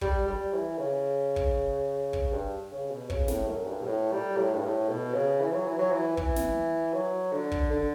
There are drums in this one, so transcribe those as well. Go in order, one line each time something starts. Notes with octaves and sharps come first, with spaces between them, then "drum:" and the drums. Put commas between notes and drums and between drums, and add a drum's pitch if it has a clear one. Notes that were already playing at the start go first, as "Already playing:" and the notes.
G3, drum: kick
G3
E3
C#3
drum: kick
drum: kick
G2
C#3
B2
C#3, drum: kick
A2, drum: snare
F#2
G2
B2
A2
G3
A2
G2
A2
B2
C#3
E3
F#3
E3
F#3
E3
E3, drum: kick
drum: snare
F#3
D3
drum: kick
D3